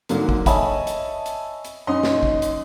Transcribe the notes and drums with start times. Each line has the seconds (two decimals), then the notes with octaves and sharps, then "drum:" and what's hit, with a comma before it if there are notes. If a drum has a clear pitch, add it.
0.09 G#2 D3 F#3 A#3, drum: hi-hat
0.29 drum: kick
0.46 C#5 D#5 E5 G#5 A5 B5, drum: kick, hi-hat
0.87 drum: hi-hat
1.26 drum: hi-hat
1.65 drum: hi-hat
1.87 F#2 C#4 D#4 D#5 C6
2.03 drum: snare
2.23 drum: kick
2.42 drum: hi-hat